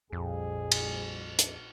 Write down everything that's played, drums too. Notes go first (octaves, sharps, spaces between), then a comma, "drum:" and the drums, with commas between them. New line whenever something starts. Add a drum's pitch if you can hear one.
A#1 F2 G3 G#4
drum: cymbal
drum: hi-hat